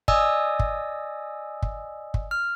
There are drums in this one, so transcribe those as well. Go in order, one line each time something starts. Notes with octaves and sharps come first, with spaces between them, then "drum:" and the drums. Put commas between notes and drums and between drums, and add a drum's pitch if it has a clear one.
D5 D#5 G#5 D#6 E6, drum: kick
drum: kick
drum: kick
drum: kick
F6